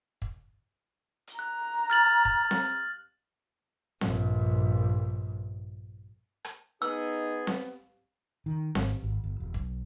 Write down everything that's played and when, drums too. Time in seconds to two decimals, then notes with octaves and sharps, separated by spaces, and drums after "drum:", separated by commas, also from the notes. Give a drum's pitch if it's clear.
0.22 drum: kick
1.27 drum: hi-hat
1.39 A#5 F#6
1.90 F6 A6 F#7
2.25 drum: kick
2.51 drum: snare C4
4.01 A#1 G2, drum: snare C4
6.44 drum: rim click
6.82 B3 D#4 G#4 E6
7.47 drum: snare C4
8.46 D#3
8.75 G#1, drum: snare C4
9.02 G#1
9.24 G1
9.40 E1
9.54 B1, drum: kick